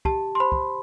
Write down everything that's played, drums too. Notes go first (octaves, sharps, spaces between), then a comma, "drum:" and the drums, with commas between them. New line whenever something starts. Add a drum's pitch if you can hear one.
G4 A5, drum: kick
C6
C5 B5
drum: kick